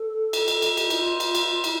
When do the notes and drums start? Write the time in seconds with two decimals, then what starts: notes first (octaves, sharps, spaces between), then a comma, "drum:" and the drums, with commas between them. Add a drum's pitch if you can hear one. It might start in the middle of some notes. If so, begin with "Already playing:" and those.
Already playing: A4
0.33 drum: cymbal
0.48 drum: cymbal
0.62 drum: cymbal
0.77 G4, drum: cymbal
0.84 F4
0.90 E4, drum: cymbal
0.98 F4
1.20 drum: cymbal
1.35 drum: cymbal
1.64 E4, drum: cymbal